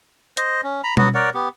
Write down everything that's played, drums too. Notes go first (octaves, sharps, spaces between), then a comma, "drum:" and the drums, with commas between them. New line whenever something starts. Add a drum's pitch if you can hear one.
C5 D#5, drum: hi-hat
C#4
A#5 B5
F#3 B3 F#4, drum: tom
A#4 C#5 D5 F#5
B3 G4